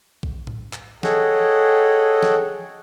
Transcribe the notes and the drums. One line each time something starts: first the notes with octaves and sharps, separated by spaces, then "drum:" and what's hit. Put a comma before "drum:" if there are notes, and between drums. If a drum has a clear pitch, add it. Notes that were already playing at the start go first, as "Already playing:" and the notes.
drum: kick A#1
drum: tom A2
drum: clap
G#4 A4 C#5 D#5 F#5 G5, drum: snare
drum: snare